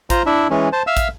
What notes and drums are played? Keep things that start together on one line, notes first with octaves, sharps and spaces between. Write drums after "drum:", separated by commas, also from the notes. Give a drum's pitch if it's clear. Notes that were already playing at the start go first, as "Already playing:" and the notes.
F4 C5 A#5, drum: kick, hi-hat
D4 E4 E5
E3 G#3 C#4
C5 A5
E5 F5 E6
drum: kick, hi-hat